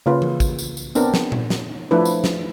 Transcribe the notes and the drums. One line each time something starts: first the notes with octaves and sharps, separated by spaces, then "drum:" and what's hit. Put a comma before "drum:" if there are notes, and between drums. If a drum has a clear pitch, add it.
C#3 A#3 F4 B4
drum: tom E3
drum: kick, tambourine
drum: tambourine
drum: tambourine
B3 C4 D4 A#4, drum: tambourine
drum: snare
drum: tom A#2
drum: snare
F3 A3 D4 E4 B4
drum: tambourine
drum: snare